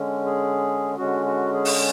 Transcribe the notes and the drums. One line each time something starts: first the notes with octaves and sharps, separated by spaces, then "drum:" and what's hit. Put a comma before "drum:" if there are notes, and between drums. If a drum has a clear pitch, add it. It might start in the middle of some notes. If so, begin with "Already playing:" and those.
Already playing: D3 G#3 C#4
G#4
D3 G#3 C#4 F#4
F#4
G#4
drum: open hi-hat